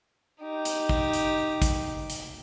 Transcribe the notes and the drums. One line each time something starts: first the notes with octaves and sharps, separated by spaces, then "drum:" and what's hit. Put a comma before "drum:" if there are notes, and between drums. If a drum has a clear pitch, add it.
D#4 G4
drum: hi-hat
drum: kick
drum: hi-hat
drum: kick, hi-hat
drum: hi-hat